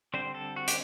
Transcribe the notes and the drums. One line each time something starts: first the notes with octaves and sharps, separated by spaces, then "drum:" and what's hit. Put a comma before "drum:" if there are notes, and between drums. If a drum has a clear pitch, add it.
D3 G3 C4 C5
A4
F#4
G4, drum: hi-hat